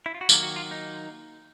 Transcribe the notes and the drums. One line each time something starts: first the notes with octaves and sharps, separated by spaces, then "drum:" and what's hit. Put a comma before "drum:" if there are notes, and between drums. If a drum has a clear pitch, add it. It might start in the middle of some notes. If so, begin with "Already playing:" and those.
E4
F4
F#4
D#3 F#3 A#3 G4, drum: tambourine
F#4
F4
D#4